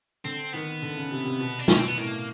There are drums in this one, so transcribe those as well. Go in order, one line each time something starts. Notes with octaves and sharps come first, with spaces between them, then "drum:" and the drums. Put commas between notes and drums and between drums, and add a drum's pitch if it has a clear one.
D3 C4
D#3 B3
D3
C#3
C3
C3
B2
D4
B2 C#4, drum: snare
C4
B3
A2 A#3